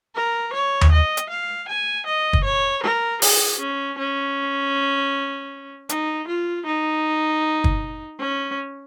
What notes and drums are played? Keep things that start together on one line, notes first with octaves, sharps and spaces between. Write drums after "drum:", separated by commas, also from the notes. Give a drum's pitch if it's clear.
A#4
C#5
drum: tom D#2
D#5
drum: hi-hat
F5
G#5
D#5
drum: kick
C#5
A#4
G#4, drum: open hi-hat
C#4
C#4
D#4, drum: hi-hat
F4
D#4
drum: kick
C#4